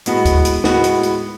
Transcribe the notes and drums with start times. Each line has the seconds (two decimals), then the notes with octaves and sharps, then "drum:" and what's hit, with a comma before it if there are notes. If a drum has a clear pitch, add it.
0.06 A2 G#3 B3 F#4, drum: hi-hat
0.25 drum: kick D2, hi-hat
0.45 drum: hi-hat
0.64 A2 G#3 B3 F#4, drum: snare
0.84 drum: hi-hat
1.03 drum: hi-hat